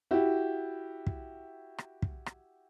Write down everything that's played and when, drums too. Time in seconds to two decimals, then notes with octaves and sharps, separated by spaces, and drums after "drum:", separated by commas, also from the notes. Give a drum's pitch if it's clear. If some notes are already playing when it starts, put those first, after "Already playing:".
0.11 E4 F#4 G4
1.07 drum: kick
1.78 drum: rim click
2.02 drum: kick
2.26 drum: rim click